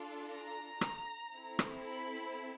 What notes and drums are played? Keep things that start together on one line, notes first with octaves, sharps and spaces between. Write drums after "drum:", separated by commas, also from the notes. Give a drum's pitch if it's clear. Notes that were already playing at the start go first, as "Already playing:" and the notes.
Already playing: D4 F4 A4
A#5
drum: rim click
C4 E4 A4
drum: rim click
B5